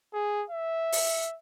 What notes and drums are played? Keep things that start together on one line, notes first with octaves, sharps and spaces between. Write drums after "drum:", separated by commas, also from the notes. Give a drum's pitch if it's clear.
G#4
E5
drum: open hi-hat